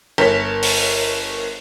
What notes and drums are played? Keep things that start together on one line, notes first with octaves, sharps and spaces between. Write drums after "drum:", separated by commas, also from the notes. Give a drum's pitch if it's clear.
G1 A#4 C#5 B6
drum: open hi-hat